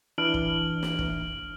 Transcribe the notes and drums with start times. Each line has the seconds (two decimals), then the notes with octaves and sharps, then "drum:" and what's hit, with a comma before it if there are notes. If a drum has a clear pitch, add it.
0.18 E3 D4 E4 F6 D7 F#7
0.34 drum: kick
0.83 drum: snare
0.99 drum: kick